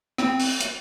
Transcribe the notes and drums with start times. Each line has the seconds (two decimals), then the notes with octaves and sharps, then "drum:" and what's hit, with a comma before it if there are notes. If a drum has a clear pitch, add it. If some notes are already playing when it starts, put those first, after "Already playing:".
0.18 C4, drum: rim click
0.40 drum: open hi-hat
0.61 drum: hi-hat